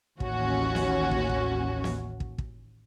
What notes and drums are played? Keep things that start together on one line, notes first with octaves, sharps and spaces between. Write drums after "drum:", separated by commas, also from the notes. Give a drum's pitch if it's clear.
A1 D#2 C#4 F#4, drum: kick
drum: snare
drum: kick
drum: kick
drum: snare
drum: kick
drum: kick